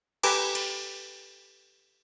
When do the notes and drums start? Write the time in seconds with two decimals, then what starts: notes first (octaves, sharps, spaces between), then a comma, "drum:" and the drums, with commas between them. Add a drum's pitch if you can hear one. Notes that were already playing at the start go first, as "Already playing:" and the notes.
0.23 G4 A4 B4 G#5 A#5 D6, drum: cymbal
0.55 drum: cymbal